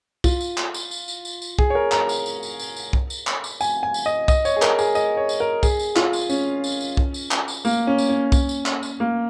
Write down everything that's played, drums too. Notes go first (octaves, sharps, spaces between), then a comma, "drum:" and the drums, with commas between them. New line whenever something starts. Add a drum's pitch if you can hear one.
F4, drum: kick C2, tambourine
drum: tambourine
drum: clap
drum: tambourine
drum: tambourine
drum: tambourine
drum: tambourine
drum: tambourine
G#4, drum: kick C2
C#5
A#4
A#5, drum: clap
drum: tambourine
drum: tambourine
drum: tambourine
drum: tambourine
drum: tambourine
drum: kick C2
drum: tambourine
drum: clap
drum: tambourine
G#5, drum: tambourine
G#5
drum: tambourine
D#5
D#5, drum: kick C2, tambourine
C#5, drum: tambourine
G#4
A#4, drum: clap
G#4, drum: tambourine
D#5, drum: tambourine
C#5
drum: tambourine
A#4
G#4, drum: kick C2, tambourine
drum: tambourine
F4, drum: clap
drum: tambourine
C#4, drum: tambourine
drum: tambourine
drum: tambourine
drum: kick C2
drum: tambourine
drum: clap
drum: tambourine
A#3, drum: tambourine
C#4
drum: tambourine
C#4
drum: kick C2, tambourine
drum: tambourine
drum: clap
drum: tambourine
A#3